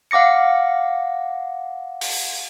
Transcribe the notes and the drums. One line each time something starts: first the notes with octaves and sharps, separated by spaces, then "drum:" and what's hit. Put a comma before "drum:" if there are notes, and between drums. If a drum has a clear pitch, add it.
F5 F#5 D6 A#6 C#7
drum: open hi-hat